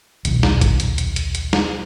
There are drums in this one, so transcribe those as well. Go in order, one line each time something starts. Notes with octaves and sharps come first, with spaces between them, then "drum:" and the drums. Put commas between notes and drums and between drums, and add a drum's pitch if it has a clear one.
D#1 B1, drum: hi-hat
drum: snare
drum: kick, hi-hat
drum: hi-hat
drum: hi-hat
drum: hi-hat
drum: hi-hat
drum: snare